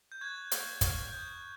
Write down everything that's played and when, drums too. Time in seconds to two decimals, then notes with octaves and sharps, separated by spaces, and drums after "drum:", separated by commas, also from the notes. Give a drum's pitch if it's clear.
0.12 G6
0.21 C#6 F#6 G#6
0.51 C#6 F6, drum: hi-hat
0.81 C#6, drum: kick, hi-hat
0.86 F6
1.12 D#6 G6